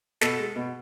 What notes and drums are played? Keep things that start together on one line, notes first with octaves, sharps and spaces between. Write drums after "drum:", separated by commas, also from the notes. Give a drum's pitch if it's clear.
B2 A4, drum: snare
G#3
B2